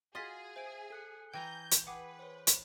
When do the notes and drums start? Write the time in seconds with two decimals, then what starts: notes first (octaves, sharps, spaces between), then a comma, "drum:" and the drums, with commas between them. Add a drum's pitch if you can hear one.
0.15 F4 F#4 G#4 D#5 F#5 C6 A6 B6
0.56 C5 E5 D7
0.90 A4 F#6 C#7
1.34 E3 G5 G#5 A#5 G6 G#6 A#6
1.71 drum: hi-hat
1.87 G#4 B4 F#5 G5 D6
2.19 C5 C#5
2.47 drum: hi-hat